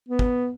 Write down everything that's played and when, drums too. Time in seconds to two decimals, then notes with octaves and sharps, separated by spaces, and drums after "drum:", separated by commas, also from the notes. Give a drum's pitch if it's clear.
0.09 B3
0.19 drum: kick